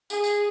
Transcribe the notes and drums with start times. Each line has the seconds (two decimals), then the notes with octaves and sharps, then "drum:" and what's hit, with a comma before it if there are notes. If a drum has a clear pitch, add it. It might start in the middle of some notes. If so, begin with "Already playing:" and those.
0.10 G#4, drum: tambourine
0.24 drum: tambourine